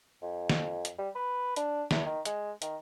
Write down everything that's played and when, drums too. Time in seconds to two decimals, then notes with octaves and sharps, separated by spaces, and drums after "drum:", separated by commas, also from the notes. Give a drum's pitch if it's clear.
0.22 F2
0.50 drum: snare
0.85 drum: hi-hat
0.98 G3
1.15 B4
1.56 D4, drum: hi-hat
1.91 E2, drum: snare
2.06 D#3
2.25 G#3, drum: hi-hat
2.62 D#3, drum: hi-hat